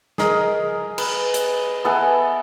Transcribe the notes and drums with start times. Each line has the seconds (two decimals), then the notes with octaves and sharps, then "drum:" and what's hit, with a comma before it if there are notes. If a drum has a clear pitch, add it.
0.18 G#4 A#4 D#5, drum: snare
0.98 B4, drum: cymbal
1.34 drum: hi-hat
1.84 B3 A4 E5 G#5